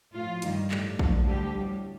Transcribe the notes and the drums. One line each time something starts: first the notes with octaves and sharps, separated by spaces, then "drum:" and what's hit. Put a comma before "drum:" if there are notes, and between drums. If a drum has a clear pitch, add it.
A2 F3 F4
G2 D#3 G3, drum: hi-hat
A2 G3, drum: clap
D2 D3 F3 A4, drum: kick A#1
D2 D3 G3 G4
A2 G3